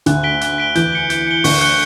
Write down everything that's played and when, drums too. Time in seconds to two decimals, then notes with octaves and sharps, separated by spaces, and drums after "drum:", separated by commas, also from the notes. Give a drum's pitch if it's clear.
0.06 D2 D3 F#6, drum: hi-hat
0.23 B6 D7 G7
0.41 F#6, drum: hi-hat
0.58 B6 D7 G7
0.75 E2 E3 G6, drum: hi-hat
0.92 C#7 G7
1.10 G6, drum: hi-hat
1.27 C#7 G7
1.44 D2 D3 C#6, drum: open hi-hat
1.61 F#6 C#7 G7